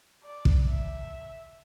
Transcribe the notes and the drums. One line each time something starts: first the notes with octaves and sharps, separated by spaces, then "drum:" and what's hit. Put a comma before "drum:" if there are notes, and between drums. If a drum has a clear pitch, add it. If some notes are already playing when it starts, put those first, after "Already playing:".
D5
drum: kick
E5